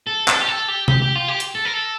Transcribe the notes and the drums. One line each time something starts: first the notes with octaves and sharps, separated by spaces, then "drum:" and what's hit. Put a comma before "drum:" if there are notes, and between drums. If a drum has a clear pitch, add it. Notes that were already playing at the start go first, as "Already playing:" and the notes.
A4
A4, drum: clap
G4
A4
G4
G4, drum: tom C3
G4
F4
G4
drum: hi-hat
A4
A#4
A4